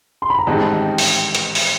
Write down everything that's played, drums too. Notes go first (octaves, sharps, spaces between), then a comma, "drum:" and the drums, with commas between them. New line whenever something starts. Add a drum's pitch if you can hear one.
C6
B5
A#5
A1 G#2 D#3 G3 C4 A5
G5
drum: open hi-hat
drum: hi-hat
drum: open hi-hat